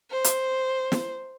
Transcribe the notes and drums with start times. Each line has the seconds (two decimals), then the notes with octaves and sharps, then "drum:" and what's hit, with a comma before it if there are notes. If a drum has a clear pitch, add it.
0.10 C5
0.24 drum: hi-hat
0.92 drum: snare